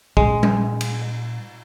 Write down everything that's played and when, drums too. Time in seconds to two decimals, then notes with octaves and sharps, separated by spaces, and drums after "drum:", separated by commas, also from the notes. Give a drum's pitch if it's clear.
0.17 A#2 G3 G#3 C#4, drum: kick
0.43 drum: tom G3
0.81 drum: cymbal